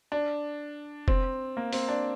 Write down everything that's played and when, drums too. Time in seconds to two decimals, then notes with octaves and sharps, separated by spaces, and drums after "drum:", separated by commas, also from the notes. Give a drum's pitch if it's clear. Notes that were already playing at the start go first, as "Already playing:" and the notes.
0.12 D4
1.08 C4, drum: kick F1
1.57 A#3
1.73 C4, drum: open hi-hat
1.89 D4